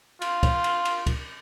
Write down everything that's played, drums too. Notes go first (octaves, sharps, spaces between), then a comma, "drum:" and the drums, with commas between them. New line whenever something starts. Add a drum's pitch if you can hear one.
F4, drum: cymbal
drum: kick, cymbal
drum: cymbal
drum: cymbal
drum: kick, cymbal